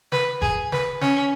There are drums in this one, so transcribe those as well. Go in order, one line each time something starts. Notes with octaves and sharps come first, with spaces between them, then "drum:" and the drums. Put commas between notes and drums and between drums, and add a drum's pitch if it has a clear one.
B4, drum: snare
G#4, drum: kick F#1
B4, drum: snare
C#4, drum: snare